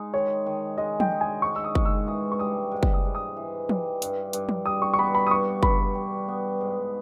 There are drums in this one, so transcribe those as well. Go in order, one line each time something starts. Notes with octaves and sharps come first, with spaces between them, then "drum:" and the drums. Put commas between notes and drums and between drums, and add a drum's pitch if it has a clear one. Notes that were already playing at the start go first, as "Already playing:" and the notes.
Already playing: G#3 D#4
D#3 C#5
D#3
G#3 D#5
G5, drum: tom
D#4
G#5
G#2 C#6
E6
D#6
G#2, drum: kick
E6
E3 D#6
C#6
G3 D#6
G#2
drum: kick
D#6
G#2
D#6
E3
G3, drum: tom
G2, drum: hi-hat
G2, drum: hi-hat
drum: tom
G3 D#6
C#6
C#6
B3 B5
B5
D#6
G2 C#6
G2 B5, drum: kick
G3
B3
G#2